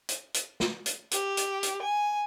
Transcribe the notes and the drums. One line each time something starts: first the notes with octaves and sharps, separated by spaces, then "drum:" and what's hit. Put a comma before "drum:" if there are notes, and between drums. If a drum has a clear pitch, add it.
drum: hi-hat
drum: hi-hat
drum: snare
drum: hi-hat
G4, drum: hi-hat
drum: hi-hat
drum: hi-hat
G#5